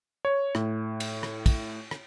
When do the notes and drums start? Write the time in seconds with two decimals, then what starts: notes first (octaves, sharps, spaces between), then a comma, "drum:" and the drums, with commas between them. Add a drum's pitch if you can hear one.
0.25 C#5
0.55 A2, drum: rim click
1.00 drum: cymbal
1.23 drum: rim click
1.46 drum: kick, cymbal
1.91 drum: rim click